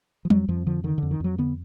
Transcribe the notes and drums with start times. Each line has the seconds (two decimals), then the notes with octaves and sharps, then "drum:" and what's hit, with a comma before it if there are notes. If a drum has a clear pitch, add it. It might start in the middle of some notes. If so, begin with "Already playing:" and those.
0.25 F3
0.30 F2 F#3, drum: tom G3
0.48 F2 F3
0.66 D3 F3
0.84 D3 D#3
0.98 F2 D3
1.11 D#3
1.20 F2 F#3
1.38 D3 B3